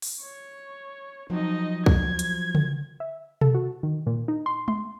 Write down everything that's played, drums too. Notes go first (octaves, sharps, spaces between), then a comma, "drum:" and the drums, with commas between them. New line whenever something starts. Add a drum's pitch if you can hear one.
drum: open hi-hat
C#5
F3 F#3 C4 D#4 D#5
G#6, drum: kick C2
drum: hi-hat
drum: tom C#3
E5
A4, drum: tom B2
F#4
D#3
A#2
D#4
C6
C6, drum: tom G#3